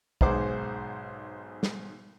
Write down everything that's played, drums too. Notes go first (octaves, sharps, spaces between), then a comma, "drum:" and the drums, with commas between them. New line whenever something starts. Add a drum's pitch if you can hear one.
B1 G#2 G#3 C5 F#5 D6, drum: kick
drum: snare